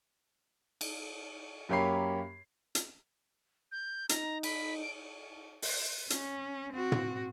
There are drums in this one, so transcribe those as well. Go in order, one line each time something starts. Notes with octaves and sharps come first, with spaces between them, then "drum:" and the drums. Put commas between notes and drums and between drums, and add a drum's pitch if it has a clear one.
drum: cymbal
F#2 A#3 G4 C#5 B5 C7
drum: hi-hat
G6
D#4 A#5, drum: hi-hat
B5, drum: cymbal
D7
drum: open hi-hat
C#4, drum: hi-hat
C4 F#4
drum: tom